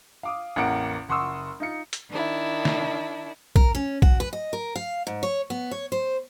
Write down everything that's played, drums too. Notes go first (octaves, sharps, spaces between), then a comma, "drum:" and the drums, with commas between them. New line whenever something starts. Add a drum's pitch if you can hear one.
F5 D6 D#6
A1 E2 A#3 F#5 C#7 D7
F#1 F#5 C6 C#6 D#6 E6
D#4 F4 C#7
drum: hi-hat
D#3 D4 E4
drum: snare
A#4, drum: kick
C#4
F#4, drum: kick
B4
D#5
A#4
F5
G#2
C#5
B3
C#5
C5